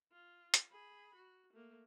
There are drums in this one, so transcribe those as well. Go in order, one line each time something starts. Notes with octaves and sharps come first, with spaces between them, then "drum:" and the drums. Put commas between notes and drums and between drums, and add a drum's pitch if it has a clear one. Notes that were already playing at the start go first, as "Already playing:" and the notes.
F4
drum: hi-hat
G#4 B5
F#4
A3 A#3